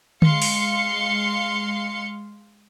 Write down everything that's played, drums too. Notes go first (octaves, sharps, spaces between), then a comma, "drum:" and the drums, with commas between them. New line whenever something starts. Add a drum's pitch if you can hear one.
G#3 F5 C6 C#7, drum: tom D3
drum: open hi-hat